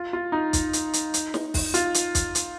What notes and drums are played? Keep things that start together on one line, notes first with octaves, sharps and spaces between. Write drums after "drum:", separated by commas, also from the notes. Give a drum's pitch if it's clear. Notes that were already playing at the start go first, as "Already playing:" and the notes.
Already playing: F4
F4
D#4
drum: kick, hi-hat
drum: hi-hat
drum: hi-hat
drum: hi-hat
drum: snare
drum: kick, open hi-hat
F4, drum: hi-hat
drum: hi-hat
drum: kick, hi-hat
drum: hi-hat